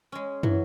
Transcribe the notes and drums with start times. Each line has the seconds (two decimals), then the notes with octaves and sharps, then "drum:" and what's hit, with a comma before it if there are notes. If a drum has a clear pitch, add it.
0.12 G#3 C#4
0.43 E3 F#3, drum: tom